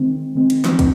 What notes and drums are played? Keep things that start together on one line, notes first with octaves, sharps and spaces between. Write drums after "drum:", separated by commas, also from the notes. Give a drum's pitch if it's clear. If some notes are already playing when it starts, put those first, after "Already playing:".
Already playing: D#3 G#3 C4
D#3 G#3 C4
drum: cymbal
drum: snare
C4, drum: kick, cymbal